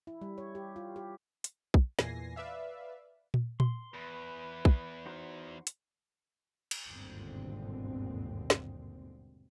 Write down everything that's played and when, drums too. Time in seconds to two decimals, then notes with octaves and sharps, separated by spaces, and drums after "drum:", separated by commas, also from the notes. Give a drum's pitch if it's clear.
0.07 E4
0.21 G3
0.38 C#5
0.55 G4
0.76 F4
0.96 G4
1.44 drum: hi-hat
1.74 drum: kick
1.99 E2 A#2 E3 G#5 A#6 C7, drum: snare
2.36 B4 D5 E5 F5
3.34 drum: tom A#2
3.60 C6, drum: tom A#2
3.94 E2 B4
4.65 drum: kick
5.06 D#4 F#4 C5
5.67 drum: hi-hat
6.71 drum: cymbal
6.88 G1 D#2 G#2 B2 D3 C4
8.50 drum: snare